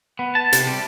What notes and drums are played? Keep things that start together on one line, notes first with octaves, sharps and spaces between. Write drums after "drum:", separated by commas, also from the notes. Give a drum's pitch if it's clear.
B3
A5
C3, drum: hi-hat
G3